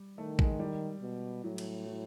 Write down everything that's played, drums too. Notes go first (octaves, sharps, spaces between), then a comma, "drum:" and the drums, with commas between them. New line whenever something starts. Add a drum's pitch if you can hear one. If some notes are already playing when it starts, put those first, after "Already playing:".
Already playing: G3
D#3 A3
G#3, drum: kick
G3
B2
A2 F#3
drum: cymbal
F#3